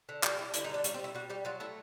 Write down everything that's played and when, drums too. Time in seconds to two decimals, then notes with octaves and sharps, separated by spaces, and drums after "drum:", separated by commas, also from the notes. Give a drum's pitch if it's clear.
0.09 D3
0.23 G3, drum: clap
0.38 G3 E4
0.54 D3 E4, drum: hi-hat
0.64 D#4
0.70 G3 D4
0.84 G3 C#4, drum: hi-hat
0.94 C4
0.99 G3 E4
1.15 G3 F#4
1.29 G3 G4
1.45 F#3 F4
1.60 A3 E4